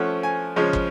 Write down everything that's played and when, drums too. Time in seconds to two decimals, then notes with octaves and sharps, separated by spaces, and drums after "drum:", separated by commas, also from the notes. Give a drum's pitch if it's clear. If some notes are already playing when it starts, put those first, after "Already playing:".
Already playing: F3 A3 C#4 F#5
0.23 G#5
0.56 C#3 F3 G#3 C#4
0.73 drum: kick